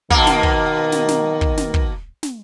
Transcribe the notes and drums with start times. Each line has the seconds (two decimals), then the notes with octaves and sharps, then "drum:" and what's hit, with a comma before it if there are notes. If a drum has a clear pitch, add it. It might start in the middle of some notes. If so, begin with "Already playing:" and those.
0.10 B2 D#3 A#3, drum: kick
0.27 drum: snare
0.43 drum: kick
0.92 drum: snare
1.08 drum: snare
1.41 drum: kick
1.57 drum: snare
1.74 drum: kick
2.23 drum: snare